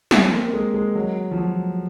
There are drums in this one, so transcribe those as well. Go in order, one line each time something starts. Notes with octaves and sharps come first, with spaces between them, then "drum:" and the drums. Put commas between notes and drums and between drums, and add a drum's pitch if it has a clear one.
C4, drum: snare
A#3
G#3
G#3
F#3
F3
F#3